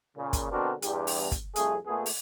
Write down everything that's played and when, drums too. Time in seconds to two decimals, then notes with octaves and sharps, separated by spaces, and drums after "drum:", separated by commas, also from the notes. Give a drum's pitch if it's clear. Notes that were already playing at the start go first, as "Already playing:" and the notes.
0.17 A#2 C#3
0.33 drum: kick, hi-hat
0.51 B2 D3 C4 D4 F#4 A#4
0.82 E2 G2 G4, drum: hi-hat
1.07 drum: open hi-hat
1.32 drum: kick, hi-hat
1.56 C2 F2 A3 G#4, drum: hi-hat
1.86 A#2 A3 B3 G#4
2.06 drum: open hi-hat